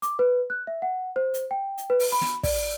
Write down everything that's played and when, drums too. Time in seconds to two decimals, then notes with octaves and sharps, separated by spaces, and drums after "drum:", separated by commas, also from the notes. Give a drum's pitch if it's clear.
0.02 D6, drum: hi-hat
0.19 B4
0.50 F#6
0.67 E5
0.82 F#5
1.16 C5
1.34 drum: hi-hat
1.51 G5
1.78 drum: hi-hat
1.90 B4
2.00 drum: open hi-hat
2.12 B5
2.21 drum: snare
2.43 D5, drum: kick, open hi-hat